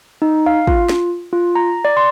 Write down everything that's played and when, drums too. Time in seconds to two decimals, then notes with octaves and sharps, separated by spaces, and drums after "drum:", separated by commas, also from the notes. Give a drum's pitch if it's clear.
0.22 D#4
0.46 F5
0.67 F4, drum: kick
0.89 drum: snare
1.33 F4
1.55 A#5
1.85 D5
1.97 C6